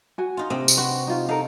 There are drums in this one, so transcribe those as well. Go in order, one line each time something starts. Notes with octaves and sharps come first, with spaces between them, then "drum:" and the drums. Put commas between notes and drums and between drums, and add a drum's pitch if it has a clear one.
F#4 G#5
D#4 F4
C3 C4 D#5
drum: tambourine
F#4 B4 C5
D#4 F4 F5
D#4 A4 A#4 F5